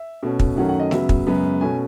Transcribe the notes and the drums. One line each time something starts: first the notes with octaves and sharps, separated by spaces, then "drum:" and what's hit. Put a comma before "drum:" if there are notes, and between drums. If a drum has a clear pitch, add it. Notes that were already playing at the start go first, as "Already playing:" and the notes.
Already playing: E5
B2 A3 C#4
drum: kick
F#2 D#3 F#3 A3 C#4 F#5
F#5
D#5
C#3 F#3 B3 E5, drum: snare A3
drum: kick
F#2 C#3 G#3 B3
B2 A3 C#4 G#5